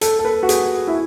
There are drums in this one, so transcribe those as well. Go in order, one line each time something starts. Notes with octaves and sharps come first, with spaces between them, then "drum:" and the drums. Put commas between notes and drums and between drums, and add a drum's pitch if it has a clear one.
A4, drum: hi-hat
A4
B4
F#4
G#4, drum: hi-hat
E4